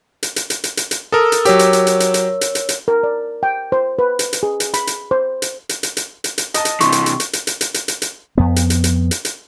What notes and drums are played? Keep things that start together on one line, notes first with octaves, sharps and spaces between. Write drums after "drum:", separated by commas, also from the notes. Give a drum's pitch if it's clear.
drum: hi-hat
drum: hi-hat
drum: hi-hat
drum: hi-hat
drum: hi-hat
drum: hi-hat
A4 A#4 D#6 E6
drum: hi-hat
F#3 G4 A#4 C#5 E6, drum: hi-hat
drum: hi-hat
drum: hi-hat
drum: hi-hat
drum: hi-hat
drum: hi-hat
drum: hi-hat
drum: hi-hat
drum: hi-hat
A#4
D5
G5
C5
B4
drum: hi-hat
drum: hi-hat
G#4
drum: hi-hat
B5, drum: hi-hat
drum: hi-hat
C5
drum: hi-hat
drum: hi-hat
drum: hi-hat
drum: hi-hat
drum: hi-hat
drum: hi-hat
D#5 A5, drum: hi-hat
drum: hi-hat
C3 E3 C6 C#6, drum: hi-hat
drum: hi-hat
drum: hi-hat
drum: hi-hat
drum: hi-hat
drum: hi-hat
drum: hi-hat
drum: hi-hat
drum: hi-hat
drum: hi-hat
F2 B3
drum: hi-hat
drum: hi-hat
drum: hi-hat
drum: hi-hat
drum: hi-hat